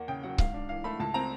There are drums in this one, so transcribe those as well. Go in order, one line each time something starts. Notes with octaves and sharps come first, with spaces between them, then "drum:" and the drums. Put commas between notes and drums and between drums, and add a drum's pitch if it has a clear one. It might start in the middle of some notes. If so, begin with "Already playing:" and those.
Already playing: E2 A#3 F#5
C#3 G5
F#3 F#5
G#2 F5, drum: kick C#1
D4
E3 F5
A3 B5
C#2 A5
C4 A#5